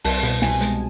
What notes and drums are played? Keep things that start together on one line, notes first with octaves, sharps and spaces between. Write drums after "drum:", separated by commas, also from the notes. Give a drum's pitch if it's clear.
C2 A5, drum: open hi-hat
B2, drum: hi-hat
C2 G#5, drum: snare
G#3, drum: hi-hat